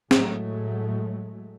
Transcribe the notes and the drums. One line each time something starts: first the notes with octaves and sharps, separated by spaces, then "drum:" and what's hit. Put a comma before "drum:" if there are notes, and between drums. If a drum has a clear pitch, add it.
A2 F#3 G#3 A3, drum: snare